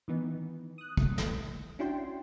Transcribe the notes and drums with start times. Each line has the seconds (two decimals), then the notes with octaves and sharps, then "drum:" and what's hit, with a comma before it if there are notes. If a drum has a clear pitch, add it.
0.08 D#3 E3 B3 D#4
0.78 D#6 F#6
0.97 drum: kick
1.18 drum: snare
1.79 C#4 D4 E4 F#4 G5 C6